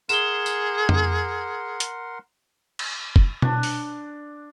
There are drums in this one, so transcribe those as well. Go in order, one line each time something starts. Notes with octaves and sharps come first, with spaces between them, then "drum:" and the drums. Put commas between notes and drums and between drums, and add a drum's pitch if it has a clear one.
G#4 A#4 F#5 C6 E7 G7, drum: tambourine
drum: tambourine
drum: tom F2
drum: hi-hat
drum: cymbal
drum: kick
D4, drum: tom B2
drum: open hi-hat